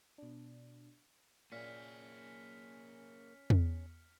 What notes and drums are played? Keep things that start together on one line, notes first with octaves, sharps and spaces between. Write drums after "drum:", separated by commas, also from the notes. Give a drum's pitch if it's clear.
B2 D4
A#2 A#3 C#4 G#4 E5 F6 B6 C#7
drum: tom E2